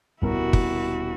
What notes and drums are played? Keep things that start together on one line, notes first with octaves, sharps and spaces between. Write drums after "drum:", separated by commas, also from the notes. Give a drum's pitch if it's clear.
D#1 B2 E4 F#4 A#4
drum: kick